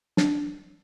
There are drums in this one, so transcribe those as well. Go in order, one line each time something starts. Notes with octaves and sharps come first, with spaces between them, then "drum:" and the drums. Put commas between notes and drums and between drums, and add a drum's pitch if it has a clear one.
D4, drum: snare